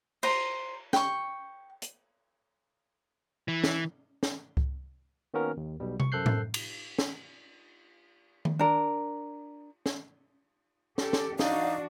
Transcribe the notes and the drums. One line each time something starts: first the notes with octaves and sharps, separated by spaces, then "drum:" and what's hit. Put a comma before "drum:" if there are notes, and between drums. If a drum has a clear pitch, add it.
C5 A#5, drum: cymbal
G5 C#6, drum: snare
drum: hi-hat
E3
drum: snare
drum: snare
drum: kick C2
D#3 A#3 B3 C#4 F#4 A#4
D#2
B1 B2 G3
C#6, drum: tom C3
F#2 A4 C5 F#6 G6 C7
drum: tom A2
drum: cymbal
drum: snare
drum: tom D#3
D4 A#4
drum: snare
G4 A4, drum: snare
drum: snare
E3 D4 D#4 F#4 F5, drum: snare